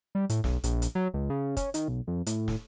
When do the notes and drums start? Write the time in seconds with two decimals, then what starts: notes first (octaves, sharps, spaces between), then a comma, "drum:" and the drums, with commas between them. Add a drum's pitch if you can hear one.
0.15 G3
0.30 A2, drum: hi-hat
0.44 B1, drum: snare
0.64 A#1, drum: hi-hat
0.82 drum: hi-hat
0.95 F#3
1.14 C#2
1.30 C#3
1.57 C#4, drum: kick, hi-hat
1.74 D#3, drum: hi-hat
1.88 B1
2.07 F2
2.26 A2, drum: hi-hat
2.48 drum: snare